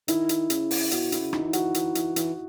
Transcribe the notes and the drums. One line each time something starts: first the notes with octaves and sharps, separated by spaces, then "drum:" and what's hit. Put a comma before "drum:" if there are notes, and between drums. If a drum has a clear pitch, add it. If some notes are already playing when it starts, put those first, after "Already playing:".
D#3 E4, drum: hi-hat
drum: hi-hat
C#3, drum: hi-hat
drum: open hi-hat
B2 F#4, drum: hi-hat
E4, drum: hi-hat
C#3
D#4, drum: rim click
D#3
E3
F#4, drum: hi-hat
E3, drum: hi-hat
E3, drum: hi-hat
E3, drum: hi-hat